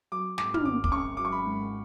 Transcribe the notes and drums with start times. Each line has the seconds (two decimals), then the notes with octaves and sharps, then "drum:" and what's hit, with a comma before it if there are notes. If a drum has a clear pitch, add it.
0.12 F#3 D6
0.38 G#2 D6, drum: snare
0.54 F6, drum: tom
0.65 G#1 D6
0.84 D6, drum: kick
0.92 C#4 C#6
1.17 F#3 D6
1.25 C#6
1.32 B5
1.46 G#2